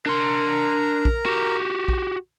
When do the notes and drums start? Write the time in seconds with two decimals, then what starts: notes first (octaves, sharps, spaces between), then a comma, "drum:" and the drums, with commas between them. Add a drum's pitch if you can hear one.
0.06 D4 A#4 A#5 C6
1.05 drum: kick
1.26 F#4 G4
1.88 drum: kick